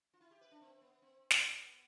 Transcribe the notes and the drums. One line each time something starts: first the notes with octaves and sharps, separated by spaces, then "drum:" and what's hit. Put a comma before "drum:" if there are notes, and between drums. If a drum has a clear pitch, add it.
F4
E4
G4
B4
D4
C4
B3
C4
drum: snare
B3